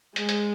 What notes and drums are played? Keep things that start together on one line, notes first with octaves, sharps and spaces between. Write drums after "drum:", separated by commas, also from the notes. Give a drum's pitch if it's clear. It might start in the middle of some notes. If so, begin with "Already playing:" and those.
G#3, drum: hi-hat
drum: hi-hat